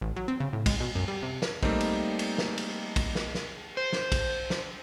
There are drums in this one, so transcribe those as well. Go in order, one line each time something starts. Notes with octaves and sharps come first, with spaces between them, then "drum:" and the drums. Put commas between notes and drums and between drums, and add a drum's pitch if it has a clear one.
A1
F#3
C4
C#3
A2
G#3, drum: kick, cymbal
B2
F#2
G3
C3
drum: snare
G3 A3 A#3 C4 D#4, drum: kick
drum: cymbal
drum: cymbal
drum: snare
drum: cymbal
drum: kick, cymbal
drum: snare
drum: snare
C5
drum: snare
drum: kick, cymbal
drum: snare